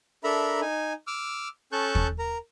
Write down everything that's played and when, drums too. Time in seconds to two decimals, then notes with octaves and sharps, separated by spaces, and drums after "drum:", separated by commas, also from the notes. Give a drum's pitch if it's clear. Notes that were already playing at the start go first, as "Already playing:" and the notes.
0.24 D4 A4 A#4 E5 A#5 B5
0.61 D#4 G#5
1.07 D6 E6 F6
1.72 C#4 A4 A5 C#6 F#6 G6
1.95 drum: kick
2.19 A#4 A#5